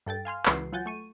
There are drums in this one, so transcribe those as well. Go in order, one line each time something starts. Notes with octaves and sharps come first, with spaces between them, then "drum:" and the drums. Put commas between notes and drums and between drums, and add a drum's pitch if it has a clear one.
G2 A4 G5 A6
F5 G#5 C6 F6
C#2 E3 G#3 F#4 B4 C7, drum: clap
F#3 F4 F#5 G#5 G6 A6
A3 C#6 D#7